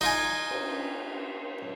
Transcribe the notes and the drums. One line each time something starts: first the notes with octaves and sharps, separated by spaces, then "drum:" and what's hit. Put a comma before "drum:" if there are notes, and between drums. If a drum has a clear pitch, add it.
D#4 F4 G#5, drum: cymbal
drum: cymbal